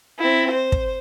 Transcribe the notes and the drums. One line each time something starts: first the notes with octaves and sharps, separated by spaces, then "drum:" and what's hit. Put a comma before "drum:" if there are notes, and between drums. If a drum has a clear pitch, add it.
C4 E4
C5
drum: kick